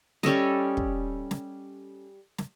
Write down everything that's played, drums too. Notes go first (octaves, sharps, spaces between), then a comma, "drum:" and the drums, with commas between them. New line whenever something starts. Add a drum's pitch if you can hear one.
G3 C#4 A4 D#5, drum: snare
drum: kick
drum: snare
drum: snare